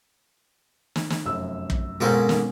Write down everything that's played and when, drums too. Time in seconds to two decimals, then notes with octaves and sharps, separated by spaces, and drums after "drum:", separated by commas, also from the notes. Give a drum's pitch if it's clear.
0.96 drum: snare
1.10 drum: snare
1.25 F1 F#2 E6
1.70 drum: kick
2.01 G#2 B2 A#3 C4 C#4 A4
2.29 drum: snare